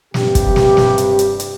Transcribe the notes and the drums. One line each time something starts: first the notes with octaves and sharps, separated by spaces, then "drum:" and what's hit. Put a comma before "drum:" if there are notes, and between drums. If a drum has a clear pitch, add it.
G2 C3 G4, drum: snare
drum: kick, hi-hat
drum: snare
drum: snare
drum: hi-hat
drum: hi-hat
drum: hi-hat